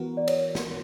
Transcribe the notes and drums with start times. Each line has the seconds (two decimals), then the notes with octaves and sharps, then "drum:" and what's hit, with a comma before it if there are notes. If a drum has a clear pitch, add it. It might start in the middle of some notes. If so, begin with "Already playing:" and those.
Already playing: E3 B3 F#4 A#4
0.17 D5
0.28 C#5, drum: cymbal
0.55 drum: snare